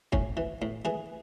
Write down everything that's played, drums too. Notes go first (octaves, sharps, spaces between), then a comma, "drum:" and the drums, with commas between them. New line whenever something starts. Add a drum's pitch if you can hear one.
A2 C#4, drum: kick
E3
A2
E3 G#4